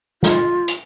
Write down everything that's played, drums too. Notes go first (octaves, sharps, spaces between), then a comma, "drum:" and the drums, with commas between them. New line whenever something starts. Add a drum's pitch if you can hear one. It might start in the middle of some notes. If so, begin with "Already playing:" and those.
F4, drum: snare
drum: hi-hat